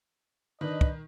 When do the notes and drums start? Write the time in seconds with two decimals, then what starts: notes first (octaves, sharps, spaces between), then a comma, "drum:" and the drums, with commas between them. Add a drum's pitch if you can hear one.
0.61 D#3 D4 B4 D#5
0.81 drum: kick